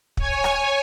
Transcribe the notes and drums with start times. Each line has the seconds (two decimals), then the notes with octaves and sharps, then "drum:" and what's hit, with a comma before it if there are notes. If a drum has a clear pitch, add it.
0.17 C#5 G#5, drum: kick
0.44 drum: rim click